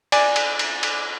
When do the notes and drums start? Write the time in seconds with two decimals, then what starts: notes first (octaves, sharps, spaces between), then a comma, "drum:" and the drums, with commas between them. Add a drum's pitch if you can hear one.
0.12 D5 G#5, drum: cymbal
0.36 drum: cymbal
0.59 drum: cymbal
0.83 drum: cymbal